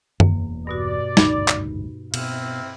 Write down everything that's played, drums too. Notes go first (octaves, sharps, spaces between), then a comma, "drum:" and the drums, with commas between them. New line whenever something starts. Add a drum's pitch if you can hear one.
E1 E2 A#3, drum: tom F#2
G2 B2 F#4 D5
F#1 D2 G#2 D#4 B5, drum: snare
drum: clap
B2 C4 E4 F5, drum: cymbal